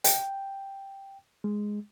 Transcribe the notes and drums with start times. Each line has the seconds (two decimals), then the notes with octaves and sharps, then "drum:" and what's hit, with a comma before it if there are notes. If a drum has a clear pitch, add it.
0.04 G5, drum: hi-hat
1.44 G#3